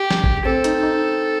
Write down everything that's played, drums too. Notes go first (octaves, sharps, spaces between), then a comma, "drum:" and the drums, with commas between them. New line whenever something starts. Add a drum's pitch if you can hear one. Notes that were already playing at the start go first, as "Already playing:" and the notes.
Already playing: G4
drum: snare
drum: kick
C4 A4
D#4, drum: hi-hat
D#4